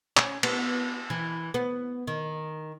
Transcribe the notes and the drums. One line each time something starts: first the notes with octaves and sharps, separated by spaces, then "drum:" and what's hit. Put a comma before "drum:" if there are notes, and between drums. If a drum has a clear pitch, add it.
C#4, drum: clap
B3, drum: cymbal
E3
B3
D#3